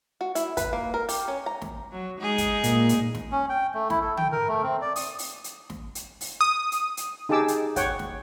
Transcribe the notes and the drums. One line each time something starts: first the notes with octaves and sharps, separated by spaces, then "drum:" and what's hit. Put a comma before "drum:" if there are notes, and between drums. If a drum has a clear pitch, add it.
F#4
E4, drum: hi-hat
B4, drum: kick, hi-hat
A#3
A#4
G4, drum: open hi-hat
C#4
A#5
drum: snare
F#3
G#3 D#4 G#4
drum: kick, hi-hat
A#2, drum: hi-hat
drum: hi-hat
drum: snare
C#4
G5
A3
E4, drum: snare
A4
G5, drum: tom D3
A#4
A3
C4
D5
D#6, drum: open hi-hat
drum: open hi-hat
drum: hi-hat
drum: snare
drum: hi-hat
drum: open hi-hat
D#6
drum: hi-hat
drum: hi-hat
D#4 G4 G#4 A5 D6 E6
drum: hi-hat
C#5 F#5 G5, drum: kick, hi-hat
drum: snare